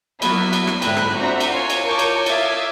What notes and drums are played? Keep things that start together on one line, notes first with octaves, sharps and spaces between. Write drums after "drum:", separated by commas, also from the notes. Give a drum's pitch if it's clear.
F#3 A#3 B3 E4 F#4, drum: cymbal
drum: cymbal
drum: rim click
G#2 D3 E4 G5 A#5 F#6, drum: cymbal
drum: rim click
C4 D4 F#4 E5 F#5 A#5
drum: cymbal
F4 C#5 G#5
drum: cymbal
A#4 C#5 A5 C#6 D6 G6
drum: cymbal
E5 F5 D6 D#6 G#6 A6, drum: cymbal